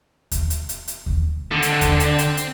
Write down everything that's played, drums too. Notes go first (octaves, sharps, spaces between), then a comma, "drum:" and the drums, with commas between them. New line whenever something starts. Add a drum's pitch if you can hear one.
drum: kick D#2, hi-hat
drum: hi-hat
drum: hi-hat
drum: hi-hat
drum: kick D#2
D3 D#3 C4
drum: hi-hat
drum: kick D#2, hi-hat
C4, drum: hi-hat
drum: hi-hat
drum: hi-hat